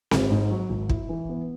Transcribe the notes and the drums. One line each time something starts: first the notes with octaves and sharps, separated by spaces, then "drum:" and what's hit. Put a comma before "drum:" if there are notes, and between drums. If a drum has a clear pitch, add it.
G#1, drum: snare C4
G#2
F#3
G#1
E4, drum: kick
E3
B3